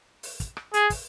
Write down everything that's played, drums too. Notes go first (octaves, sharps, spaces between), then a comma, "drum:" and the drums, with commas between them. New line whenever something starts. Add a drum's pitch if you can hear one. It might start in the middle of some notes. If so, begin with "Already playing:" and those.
drum: open hi-hat
drum: kick, hi-hat
drum: rim click
G#4, drum: hi-hat
drum: kick, open hi-hat